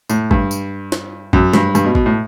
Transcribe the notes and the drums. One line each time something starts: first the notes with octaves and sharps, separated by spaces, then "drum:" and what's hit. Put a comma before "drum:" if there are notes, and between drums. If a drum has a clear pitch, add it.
A2, drum: tambourine
G2, drum: kick
drum: tambourine
drum: snare
F#2, drum: kick
G2, drum: snare
G2, drum: tambourine
B2
B2, drum: kick
A2